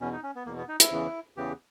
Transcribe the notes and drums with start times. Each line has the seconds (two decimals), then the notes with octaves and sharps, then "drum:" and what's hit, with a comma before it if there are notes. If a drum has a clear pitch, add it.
0.01 E2 B2 C#4
0.12 D#4
0.23 C#4
0.35 B3
0.46 E2 B2 A#3
0.57 B3
0.68 D#4
0.80 E4, drum: hi-hat
0.91 E2 C#3 E3
1.37 E2 C#3 E3 G4